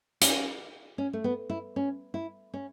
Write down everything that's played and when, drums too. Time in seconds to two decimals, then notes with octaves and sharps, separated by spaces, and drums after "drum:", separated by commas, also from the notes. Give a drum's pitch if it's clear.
0.21 C#4, drum: hi-hat
0.98 C#4
1.13 A3
1.24 B3
1.50 E4
1.76 C#4
2.14 E4
2.54 C#4